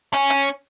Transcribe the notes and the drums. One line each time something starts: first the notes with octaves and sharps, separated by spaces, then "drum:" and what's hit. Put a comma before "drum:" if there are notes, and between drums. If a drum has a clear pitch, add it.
C#4, drum: hi-hat
drum: hi-hat